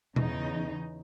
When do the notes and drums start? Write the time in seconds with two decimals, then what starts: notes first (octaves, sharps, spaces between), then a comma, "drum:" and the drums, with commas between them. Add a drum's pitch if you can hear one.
0.16 E2 C#3 D#4, drum: tom B2